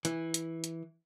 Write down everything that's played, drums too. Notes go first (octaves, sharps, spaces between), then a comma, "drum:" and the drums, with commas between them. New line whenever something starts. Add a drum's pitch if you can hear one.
E3, drum: hi-hat
drum: hi-hat
drum: hi-hat